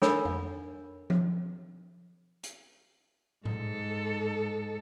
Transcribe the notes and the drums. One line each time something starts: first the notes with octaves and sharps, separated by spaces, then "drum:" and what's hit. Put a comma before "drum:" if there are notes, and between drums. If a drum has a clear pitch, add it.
D4 A4 A#4 C#5 G#5 B5, drum: snare
drum: tom F2
drum: tom F3
drum: hi-hat
G#2 A4, drum: tom A2